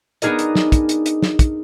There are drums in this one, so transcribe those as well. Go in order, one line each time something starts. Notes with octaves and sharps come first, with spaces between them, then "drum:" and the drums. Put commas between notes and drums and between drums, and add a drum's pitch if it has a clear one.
B3 D4 D#4 G#4 A#4 D#5, drum: hi-hat
drum: hi-hat
drum: snare
drum: kick, hi-hat
drum: hi-hat
drum: hi-hat
drum: snare
drum: kick, hi-hat